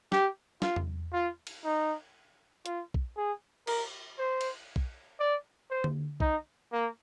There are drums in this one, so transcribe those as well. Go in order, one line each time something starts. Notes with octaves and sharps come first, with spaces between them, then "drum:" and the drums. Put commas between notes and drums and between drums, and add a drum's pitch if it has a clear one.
G4, drum: snare
F4, drum: snare
drum: tom E2
F4
drum: cymbal
D#4
F4, drum: hi-hat
drum: kick
G#4
A#4, drum: cymbal
C5
drum: cymbal
drum: kick
D5
C5
drum: tom D3
D#4, drum: kick
A#3